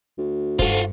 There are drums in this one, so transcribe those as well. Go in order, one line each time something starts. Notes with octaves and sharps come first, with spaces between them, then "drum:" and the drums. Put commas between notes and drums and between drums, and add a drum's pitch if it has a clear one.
D2
G2 F4 F#4 A4 C5, drum: kick F1, hi-hat